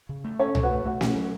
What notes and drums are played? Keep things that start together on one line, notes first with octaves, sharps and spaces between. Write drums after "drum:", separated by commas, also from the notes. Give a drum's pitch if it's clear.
C#3
A3
C#4 A4 C#5
B2, drum: tom C2
F#4 B4
A3
A3 F#4
C#4, drum: snare
F#3